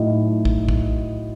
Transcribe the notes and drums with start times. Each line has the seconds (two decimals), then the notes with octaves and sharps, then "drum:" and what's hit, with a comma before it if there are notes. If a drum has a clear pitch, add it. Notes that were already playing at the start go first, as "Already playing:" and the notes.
Already playing: A2 F#3 D#4 D#5
0.45 drum: kick
0.69 drum: kick